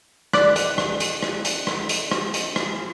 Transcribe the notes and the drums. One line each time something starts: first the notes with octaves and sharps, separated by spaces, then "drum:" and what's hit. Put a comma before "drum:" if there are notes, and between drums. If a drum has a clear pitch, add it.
D5 F#6, drum: rim click
drum: hi-hat
drum: rim click
drum: hi-hat
drum: rim click
drum: hi-hat
drum: rim click
drum: hi-hat
drum: rim click
drum: hi-hat
drum: rim click